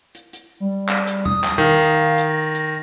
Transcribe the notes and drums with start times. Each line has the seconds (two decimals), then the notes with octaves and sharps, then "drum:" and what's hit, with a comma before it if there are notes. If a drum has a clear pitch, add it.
0.15 drum: hi-hat
0.33 drum: hi-hat
0.60 G3
0.89 drum: clap
1.07 drum: hi-hat
1.25 D#6, drum: tom
1.44 drum: clap
1.58 D#3 F5
1.81 drum: hi-hat
2.18 drum: hi-hat
2.29 A#6
2.55 drum: hi-hat